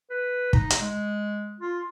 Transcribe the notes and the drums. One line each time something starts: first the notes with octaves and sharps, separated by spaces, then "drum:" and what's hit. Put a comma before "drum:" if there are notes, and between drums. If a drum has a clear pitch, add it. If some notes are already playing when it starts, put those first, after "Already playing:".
B4
D#4, drum: kick
drum: hi-hat
G#3
F4